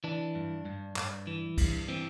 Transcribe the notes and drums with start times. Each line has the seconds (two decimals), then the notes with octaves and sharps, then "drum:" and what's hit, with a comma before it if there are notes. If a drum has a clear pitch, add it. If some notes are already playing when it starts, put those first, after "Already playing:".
0.04 E3 D4
0.35 G2
0.65 G2
0.96 G2, drum: clap
1.27 E3
1.58 G2, drum: kick, cymbal
1.88 E3 C4